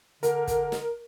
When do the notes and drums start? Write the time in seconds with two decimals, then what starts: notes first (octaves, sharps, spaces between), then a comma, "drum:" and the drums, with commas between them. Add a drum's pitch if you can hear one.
0.23 D3 A#4, drum: hi-hat
0.47 drum: kick, hi-hat
0.72 drum: snare